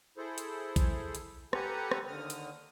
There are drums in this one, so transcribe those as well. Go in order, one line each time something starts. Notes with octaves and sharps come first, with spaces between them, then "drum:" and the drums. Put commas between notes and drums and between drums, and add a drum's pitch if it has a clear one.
E4 G#4 A4 C5
drum: hi-hat
drum: kick A#1, hi-hat
drum: hi-hat
G4 A4 B4 F#5 G#5 A#5, drum: rim click
drum: rim click
D#2 D3 D#6 F6
drum: hi-hat